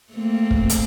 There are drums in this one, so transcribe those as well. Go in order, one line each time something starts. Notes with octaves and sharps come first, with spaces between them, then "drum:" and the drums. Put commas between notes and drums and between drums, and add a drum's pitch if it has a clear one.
A3 A#3 C4
drum: kick
drum: hi-hat